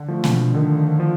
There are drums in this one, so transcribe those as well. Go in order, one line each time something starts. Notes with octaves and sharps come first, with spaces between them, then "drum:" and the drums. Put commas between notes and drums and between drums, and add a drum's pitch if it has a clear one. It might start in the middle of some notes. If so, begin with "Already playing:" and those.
Already playing: D3
F3 A3
B2, drum: snare A#3
D3 D#3
F3